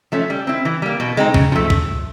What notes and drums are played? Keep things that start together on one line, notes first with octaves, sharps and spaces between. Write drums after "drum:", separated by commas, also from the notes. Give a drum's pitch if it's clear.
F3 A3 C#4
G3
C4 E4
E3
G3 A#3
B2
G#3 C4 D#4
C#3, drum: kick
F3 A3
drum: kick